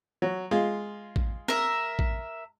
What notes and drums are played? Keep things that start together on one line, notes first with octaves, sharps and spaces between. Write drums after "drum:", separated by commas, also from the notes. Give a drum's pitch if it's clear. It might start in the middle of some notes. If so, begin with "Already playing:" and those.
F#3
G#3 F4
drum: kick A1
A#4 E5, drum: snare
drum: kick A1